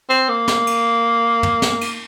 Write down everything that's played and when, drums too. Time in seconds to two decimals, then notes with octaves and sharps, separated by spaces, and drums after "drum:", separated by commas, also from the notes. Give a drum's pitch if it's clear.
0.09 C4
0.29 A#3
0.48 drum: snare
0.67 drum: cymbal
1.43 drum: tom
1.62 drum: snare
1.81 drum: cymbal